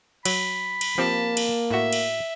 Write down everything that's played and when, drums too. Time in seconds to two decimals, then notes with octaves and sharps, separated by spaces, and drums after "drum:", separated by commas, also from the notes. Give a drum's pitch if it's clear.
0.25 F#3 B5, drum: cymbal
0.81 drum: cymbal
0.98 F3 A#3 C4 G4 A5
1.37 drum: cymbal
1.70 A2 F#4 E5
1.93 drum: cymbal